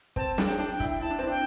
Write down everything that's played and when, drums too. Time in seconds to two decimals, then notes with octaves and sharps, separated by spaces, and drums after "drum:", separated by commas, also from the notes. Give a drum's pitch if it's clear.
0.16 C4 A5, drum: kick
0.38 D4, drum: snare
0.45 G5
0.59 D4
0.73 G5
0.80 E4, drum: kick
0.90 G5
1.01 E4 A5
1.10 D4
1.19 C4
1.27 D4 G5